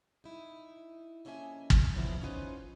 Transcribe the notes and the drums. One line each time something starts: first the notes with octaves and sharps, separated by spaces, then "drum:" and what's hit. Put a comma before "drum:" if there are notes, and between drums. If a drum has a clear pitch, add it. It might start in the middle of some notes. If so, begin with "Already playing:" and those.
D#4 E4
F2 A#3 C#4 D#5 E5 G#5
drum: kick
F#2 D3 F3 G#3 B3 E4
C#4 D#4 F4 G4 B4 C5